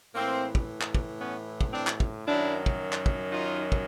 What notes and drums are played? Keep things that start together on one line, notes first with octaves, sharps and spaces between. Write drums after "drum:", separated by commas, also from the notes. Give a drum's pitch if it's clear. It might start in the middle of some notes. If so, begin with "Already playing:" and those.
A2 E3 A#3 C4
drum: kick
drum: clap
drum: kick
B3 C#4
drum: kick
C4 D4
drum: clap
drum: kick
F#2 D#3 F#3 D4 E4
drum: kick
drum: clap
drum: kick
D#4 F4
drum: kick